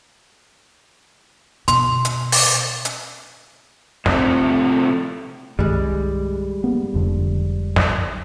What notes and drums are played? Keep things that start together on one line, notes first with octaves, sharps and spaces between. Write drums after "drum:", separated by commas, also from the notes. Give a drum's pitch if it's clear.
B2 B3 C6, drum: hi-hat
drum: hi-hat
drum: open hi-hat
drum: hi-hat
A2 C3 F3 A3, drum: snare
C2 G2 D#3 G3 G#3
A#3 B3
F1 F2 D3
drum: snare